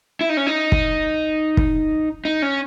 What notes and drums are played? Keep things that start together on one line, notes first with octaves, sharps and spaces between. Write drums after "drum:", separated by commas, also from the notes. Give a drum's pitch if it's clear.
E4
D#4
C#4
D#4
drum: kick
drum: kick
D#4
C#4